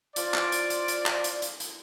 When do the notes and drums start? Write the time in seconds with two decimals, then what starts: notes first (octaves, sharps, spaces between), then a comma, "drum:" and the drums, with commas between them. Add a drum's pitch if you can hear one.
0.16 F4 C5 D5, drum: hi-hat
0.34 drum: clap
0.52 drum: hi-hat
0.70 drum: hi-hat
0.88 drum: hi-hat
1.06 drum: clap
1.24 drum: hi-hat
1.42 drum: hi-hat
1.60 drum: hi-hat